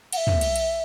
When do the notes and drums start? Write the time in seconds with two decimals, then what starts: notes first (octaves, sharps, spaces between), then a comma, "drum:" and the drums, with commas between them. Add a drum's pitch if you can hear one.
0.13 F#5, drum: cymbal
0.16 E5
0.27 drum: tom
0.41 drum: cymbal
0.56 drum: cymbal